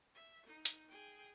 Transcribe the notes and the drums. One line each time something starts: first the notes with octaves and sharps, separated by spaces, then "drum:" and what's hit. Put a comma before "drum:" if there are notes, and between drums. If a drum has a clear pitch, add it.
E5
D#4
drum: hi-hat
G#4 G5